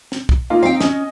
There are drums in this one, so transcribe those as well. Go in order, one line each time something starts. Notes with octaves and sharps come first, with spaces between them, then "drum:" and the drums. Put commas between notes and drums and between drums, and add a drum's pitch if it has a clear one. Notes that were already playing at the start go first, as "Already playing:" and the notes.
drum: snare
drum: kick
A#3 D#4 F4
C4 D#4 F5 G5
C#4 D#5, drum: snare